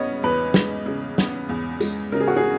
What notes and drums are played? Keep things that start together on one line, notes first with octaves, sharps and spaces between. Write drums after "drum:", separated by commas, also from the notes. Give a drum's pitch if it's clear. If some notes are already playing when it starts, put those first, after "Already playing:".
Already playing: C#3 B3 C#5 D#5
E2 B4
G#3, drum: snare
C#3
B3, drum: snare
E2
G#3, drum: tambourine
C#3 A#4
G#4
F#4
G#4